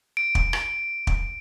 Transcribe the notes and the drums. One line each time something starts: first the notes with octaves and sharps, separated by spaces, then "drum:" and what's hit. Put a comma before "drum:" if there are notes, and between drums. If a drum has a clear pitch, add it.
D7
drum: kick
drum: rim click
drum: kick